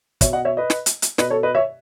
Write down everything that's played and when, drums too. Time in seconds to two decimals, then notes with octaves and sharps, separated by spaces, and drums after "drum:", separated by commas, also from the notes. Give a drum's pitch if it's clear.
0.21 B2 C#5 E5, drum: kick, hi-hat
0.33 D#5 F#5
0.45 C#5 E5
0.57 B4 D#5
0.70 drum: snare
0.86 drum: hi-hat
1.02 drum: hi-hat
1.18 B2 B4 D#5, drum: snare
1.30 A4 C#5
1.43 B4 D#5
1.55 C#5 E5